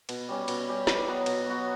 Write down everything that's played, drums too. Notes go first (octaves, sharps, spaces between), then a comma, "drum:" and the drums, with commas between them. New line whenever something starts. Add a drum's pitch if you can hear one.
B2, drum: cymbal
G3 C#4 G4
B2, drum: cymbal
G3 C#4 G4
B2, drum: snare
F#3 B3 F#4
B2, drum: cymbal
F#3 B3 F#4